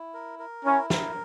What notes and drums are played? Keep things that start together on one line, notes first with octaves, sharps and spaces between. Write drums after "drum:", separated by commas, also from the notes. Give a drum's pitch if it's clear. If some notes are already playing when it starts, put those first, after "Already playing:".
Already playing: E4
A#4
A#4
C#4 E4
A#4, drum: snare